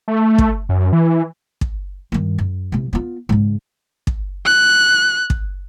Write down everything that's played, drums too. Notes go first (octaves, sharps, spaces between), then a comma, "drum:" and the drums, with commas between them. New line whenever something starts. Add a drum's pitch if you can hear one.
A3
drum: kick
F#2
E3
drum: kick
G2 D#3
F#2
C3 E3
B3 F4
G#2 C#3
drum: kick
F#6
drum: kick